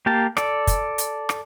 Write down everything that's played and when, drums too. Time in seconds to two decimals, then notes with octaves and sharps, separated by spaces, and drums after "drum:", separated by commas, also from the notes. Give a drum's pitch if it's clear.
0.06 A#3 G4 F5 A5
0.37 A4 D5, drum: rim click
0.67 drum: kick, hi-hat
0.98 drum: hi-hat
1.29 drum: rim click